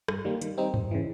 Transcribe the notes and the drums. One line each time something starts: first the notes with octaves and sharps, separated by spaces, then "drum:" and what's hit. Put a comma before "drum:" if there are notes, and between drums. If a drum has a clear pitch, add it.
G2, drum: rim click
D#3 G3 A#3
D#3, drum: hi-hat
G3 C4 D#4
F2, drum: tom G2
C#3 E3